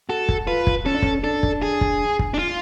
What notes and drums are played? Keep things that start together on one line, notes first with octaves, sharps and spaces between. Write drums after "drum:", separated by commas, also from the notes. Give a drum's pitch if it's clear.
F#4 A4
drum: kick
F4 B4
drum: kick
C#4 A4
D4
C#4, drum: kick
D4 A4
drum: kick
G#4
drum: kick
drum: kick
D4
F4